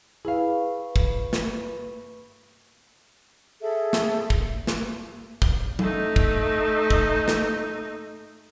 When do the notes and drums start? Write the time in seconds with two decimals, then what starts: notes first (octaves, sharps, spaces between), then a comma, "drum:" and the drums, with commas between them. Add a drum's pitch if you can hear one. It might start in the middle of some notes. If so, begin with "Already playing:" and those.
0.25 E4 G#4 B4 F5 B5 C#6
0.96 drum: kick
1.33 drum: snare
3.61 G#4 A4 E5
3.93 drum: snare
4.30 drum: kick
4.67 drum: snare
5.42 drum: kick
5.79 A3 D#4, drum: tom F#3
6.16 drum: kick
6.90 drum: kick
7.28 drum: snare